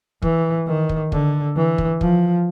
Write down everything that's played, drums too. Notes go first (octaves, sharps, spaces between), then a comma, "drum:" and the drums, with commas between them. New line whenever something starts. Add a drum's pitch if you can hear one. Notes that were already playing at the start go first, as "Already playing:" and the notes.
E3, drum: kick
D#3
drum: kick
D3, drum: kick
E3
drum: kick
F3, drum: kick